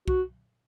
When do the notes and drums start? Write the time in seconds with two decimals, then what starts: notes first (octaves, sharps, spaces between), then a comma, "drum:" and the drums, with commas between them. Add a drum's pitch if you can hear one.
0.08 F#4, drum: kick